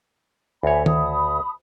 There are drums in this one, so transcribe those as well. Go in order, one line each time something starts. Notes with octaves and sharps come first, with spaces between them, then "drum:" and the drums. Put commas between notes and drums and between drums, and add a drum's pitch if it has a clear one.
D2 C#5 E5 G#5 B5
A5 B5 D#6, drum: tom D#3